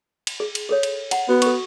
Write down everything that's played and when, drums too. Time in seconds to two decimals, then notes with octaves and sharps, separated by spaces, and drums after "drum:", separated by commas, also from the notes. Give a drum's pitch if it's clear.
0.27 drum: cymbal
0.40 G#4
0.55 drum: cymbal
0.69 G#4 A4 C#5
0.83 drum: cymbal
1.11 F#5 A#5, drum: cymbal
1.29 B3 F#4
1.42 A4 C#6, drum: cymbal